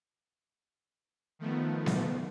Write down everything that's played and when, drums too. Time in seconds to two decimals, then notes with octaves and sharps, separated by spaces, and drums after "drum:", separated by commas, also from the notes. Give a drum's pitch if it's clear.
1.39 D#3 F3 A3 B3
1.86 drum: snare B3